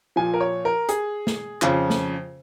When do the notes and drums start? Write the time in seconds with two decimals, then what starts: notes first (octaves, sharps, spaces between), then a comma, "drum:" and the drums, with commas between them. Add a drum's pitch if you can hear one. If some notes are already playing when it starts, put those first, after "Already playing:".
0.16 A#2 F3 G#5
0.34 A#4
0.41 C#5
0.65 A#4
0.89 G#4, drum: hi-hat
1.27 drum: snare
1.62 F2 C#3 F3, drum: clap
1.90 drum: snare